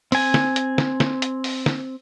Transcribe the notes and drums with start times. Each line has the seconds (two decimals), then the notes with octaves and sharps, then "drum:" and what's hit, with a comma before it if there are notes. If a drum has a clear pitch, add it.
0.12 C4 G#5, drum: open hi-hat
0.34 drum: snare
0.56 drum: hi-hat
0.78 drum: snare
1.00 drum: snare
1.22 drum: hi-hat
1.44 drum: open hi-hat
1.66 drum: snare